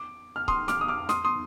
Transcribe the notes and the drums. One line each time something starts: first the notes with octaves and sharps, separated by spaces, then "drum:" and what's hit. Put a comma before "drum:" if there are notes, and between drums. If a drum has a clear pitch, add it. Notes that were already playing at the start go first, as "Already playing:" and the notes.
Already playing: D6
F6
C6 D#6, drum: kick C#1
D6 F6, drum: snare
D#6
D6 F6
C6 D#6, drum: snare
C6 D#6